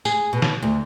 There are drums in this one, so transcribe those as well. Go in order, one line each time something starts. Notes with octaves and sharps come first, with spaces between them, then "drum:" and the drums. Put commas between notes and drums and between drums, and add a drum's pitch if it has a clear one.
G#4, drum: tambourine
B2
drum: snare
D2